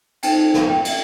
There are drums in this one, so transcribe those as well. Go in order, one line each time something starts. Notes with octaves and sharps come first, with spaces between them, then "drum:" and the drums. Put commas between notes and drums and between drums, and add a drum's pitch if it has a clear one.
D#4 A4 C5 G5, drum: cymbal
drum: snare
G5
drum: cymbal